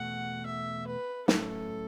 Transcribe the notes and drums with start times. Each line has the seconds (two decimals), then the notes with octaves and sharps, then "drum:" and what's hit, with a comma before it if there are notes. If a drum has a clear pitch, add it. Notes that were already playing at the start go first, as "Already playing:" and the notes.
Already playing: E2 B2 A3 F#4 F#5
0.46 E5
0.87 B4
1.28 A2 F#3 A3 C#4 E4 A4, drum: snare